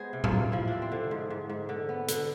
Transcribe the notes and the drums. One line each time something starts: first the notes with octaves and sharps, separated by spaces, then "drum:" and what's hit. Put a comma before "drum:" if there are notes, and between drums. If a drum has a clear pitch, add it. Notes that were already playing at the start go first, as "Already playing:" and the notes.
Already playing: G#3 B3 G#4 C5
C3
F4, drum: tom A2
C3
F3 E4
C4 D4
C4
D3
G#2
G#2
G#2
D3
B3
D3, drum: hi-hat